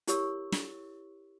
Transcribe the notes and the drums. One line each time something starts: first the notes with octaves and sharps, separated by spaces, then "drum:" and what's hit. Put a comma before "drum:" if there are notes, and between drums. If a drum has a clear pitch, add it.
E4 G4 A#4 C#5 C#6 E6, drum: hi-hat
drum: snare